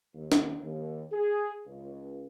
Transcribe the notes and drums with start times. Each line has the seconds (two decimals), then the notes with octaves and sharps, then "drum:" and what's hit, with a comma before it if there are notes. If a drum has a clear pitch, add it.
0.15 D#2
0.32 drum: snare
0.62 D#2
1.12 G#4
1.66 C#2